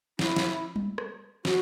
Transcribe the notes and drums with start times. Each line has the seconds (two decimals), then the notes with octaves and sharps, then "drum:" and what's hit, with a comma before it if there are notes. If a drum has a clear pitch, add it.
0.19 E4, drum: snare
0.36 drum: snare
0.76 drum: tom G3
0.98 drum: rim click
1.45 F#4, drum: snare